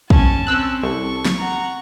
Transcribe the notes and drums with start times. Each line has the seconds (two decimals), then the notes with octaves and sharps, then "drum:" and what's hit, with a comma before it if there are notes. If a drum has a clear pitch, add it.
0.10 C#4 A5, drum: kick
0.47 C4 C#4 E6 F#6
0.83 C2 A4 C#6
1.25 drum: snare
1.38 F#5 A#5